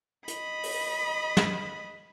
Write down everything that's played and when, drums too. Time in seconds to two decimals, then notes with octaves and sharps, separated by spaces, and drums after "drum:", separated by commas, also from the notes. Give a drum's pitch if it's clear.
0.28 D#5 B5, drum: hi-hat
0.63 drum: open hi-hat
1.37 drum: snare